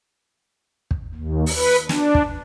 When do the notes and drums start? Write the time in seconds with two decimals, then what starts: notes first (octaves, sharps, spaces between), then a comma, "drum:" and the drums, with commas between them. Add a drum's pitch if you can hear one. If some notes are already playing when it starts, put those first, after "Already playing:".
0.91 drum: kick
1.15 D#2
1.46 drum: open hi-hat
1.56 B4
1.89 D4, drum: snare
2.15 drum: kick